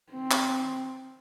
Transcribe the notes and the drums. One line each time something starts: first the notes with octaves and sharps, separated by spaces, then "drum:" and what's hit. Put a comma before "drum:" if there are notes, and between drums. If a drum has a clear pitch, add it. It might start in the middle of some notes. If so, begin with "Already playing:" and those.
C4
drum: clap